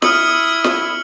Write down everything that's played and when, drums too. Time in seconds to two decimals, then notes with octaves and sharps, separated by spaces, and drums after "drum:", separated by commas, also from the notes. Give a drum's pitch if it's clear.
0.02 E4 D#6 F6 C#7 F#7, drum: snare
0.64 drum: snare